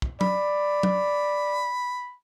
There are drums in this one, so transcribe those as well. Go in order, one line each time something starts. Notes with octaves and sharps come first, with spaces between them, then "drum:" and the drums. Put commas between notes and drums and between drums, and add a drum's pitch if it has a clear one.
drum: kick
D5 B5, drum: tom F#3
drum: tom F#3